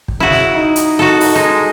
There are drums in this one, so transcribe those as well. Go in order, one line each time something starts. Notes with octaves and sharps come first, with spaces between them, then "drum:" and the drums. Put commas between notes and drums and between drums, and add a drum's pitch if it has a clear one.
drum: kick
C#3 E4 F#4
drum: snare
D#4
drum: hi-hat
F#4 A4
drum: open hi-hat
G#3 D#4